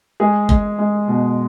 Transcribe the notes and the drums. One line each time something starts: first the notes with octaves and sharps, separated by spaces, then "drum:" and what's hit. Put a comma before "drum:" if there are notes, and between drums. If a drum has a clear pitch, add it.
G#3 G#4
G#3, drum: kick
G#3
B2